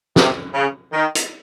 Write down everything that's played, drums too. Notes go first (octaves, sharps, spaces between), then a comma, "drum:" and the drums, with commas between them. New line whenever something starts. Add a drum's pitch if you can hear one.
C3, drum: snare
C#3
D#3
drum: hi-hat